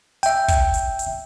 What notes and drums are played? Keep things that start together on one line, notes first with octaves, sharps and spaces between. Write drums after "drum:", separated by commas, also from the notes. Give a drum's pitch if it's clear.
E5 G5, drum: hi-hat
drum: kick, hi-hat
drum: hi-hat
drum: hi-hat